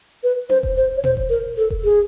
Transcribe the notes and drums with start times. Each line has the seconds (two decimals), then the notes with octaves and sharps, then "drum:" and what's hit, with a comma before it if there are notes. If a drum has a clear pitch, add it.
0.23 B4
0.49 C5, drum: tom C#4
0.63 drum: kick E1
0.77 C5
0.96 C#5
1.04 C5, drum: tom A#2
1.17 drum: kick E1
1.30 A#4
1.57 A4
1.70 drum: kick E1
1.84 G#4